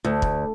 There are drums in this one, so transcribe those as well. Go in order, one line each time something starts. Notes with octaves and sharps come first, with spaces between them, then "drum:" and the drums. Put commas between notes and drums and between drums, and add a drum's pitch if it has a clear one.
D2
drum: kick